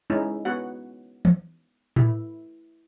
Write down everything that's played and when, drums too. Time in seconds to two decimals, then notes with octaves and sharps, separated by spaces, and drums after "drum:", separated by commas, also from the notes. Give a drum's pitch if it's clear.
0.10 G#3 C#4 D#4 E4
0.45 B3 F#4 F#5
1.25 drum: tom E3
1.96 E4, drum: tom A2